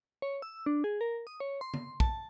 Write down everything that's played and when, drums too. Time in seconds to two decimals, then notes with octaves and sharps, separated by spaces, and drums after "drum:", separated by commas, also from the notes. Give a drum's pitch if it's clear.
0.22 C#5
0.42 E6
0.66 D4
0.84 G#4
1.01 A#4
1.27 D#6
1.40 C#5
1.61 C6
1.74 drum: tom D3
2.00 A5, drum: kick